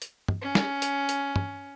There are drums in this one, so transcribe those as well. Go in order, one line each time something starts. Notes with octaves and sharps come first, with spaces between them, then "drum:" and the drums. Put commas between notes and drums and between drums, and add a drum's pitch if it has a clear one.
drum: hi-hat
drum: tom
C#4
drum: snare
drum: hi-hat
drum: hi-hat
drum: tom